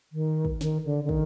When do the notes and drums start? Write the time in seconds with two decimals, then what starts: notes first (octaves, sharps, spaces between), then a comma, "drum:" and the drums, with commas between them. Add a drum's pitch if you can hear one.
0.12 D#3
0.45 drum: kick
0.61 D#3, drum: snare
0.85 D3
1.04 D3
1.09 D#3, drum: kick